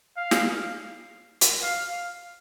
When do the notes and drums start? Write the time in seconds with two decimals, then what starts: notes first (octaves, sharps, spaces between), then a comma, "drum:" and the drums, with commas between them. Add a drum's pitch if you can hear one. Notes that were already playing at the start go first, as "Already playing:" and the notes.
0.17 F5
0.31 drum: snare
1.41 drum: hi-hat
1.63 F5